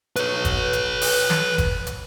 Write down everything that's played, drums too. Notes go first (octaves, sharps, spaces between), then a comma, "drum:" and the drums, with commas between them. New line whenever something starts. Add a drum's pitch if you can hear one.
B4 C#5, drum: hi-hat
drum: kick F#1, hi-hat
drum: hi-hat
drum: open hi-hat
drum: snare
drum: kick F#1, hi-hat
drum: hi-hat